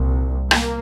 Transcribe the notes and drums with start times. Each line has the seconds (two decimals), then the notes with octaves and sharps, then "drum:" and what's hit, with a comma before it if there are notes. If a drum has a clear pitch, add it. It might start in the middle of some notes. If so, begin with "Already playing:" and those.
Already playing: C2 A#2
0.51 A#3, drum: rim click